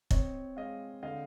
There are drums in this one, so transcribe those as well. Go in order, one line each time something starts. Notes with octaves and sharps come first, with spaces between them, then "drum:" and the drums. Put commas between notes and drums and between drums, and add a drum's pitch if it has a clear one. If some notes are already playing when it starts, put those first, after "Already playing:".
C4 C#5 D#5, drum: kick
G#3 D#5 F5
D3 D#5 F5